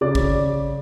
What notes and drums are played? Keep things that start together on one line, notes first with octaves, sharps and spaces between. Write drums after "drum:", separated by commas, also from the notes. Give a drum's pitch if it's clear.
C#3 D5
drum: kick